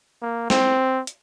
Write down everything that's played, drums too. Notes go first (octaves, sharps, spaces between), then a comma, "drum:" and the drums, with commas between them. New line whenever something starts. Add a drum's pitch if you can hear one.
A#3
C4, drum: snare
drum: hi-hat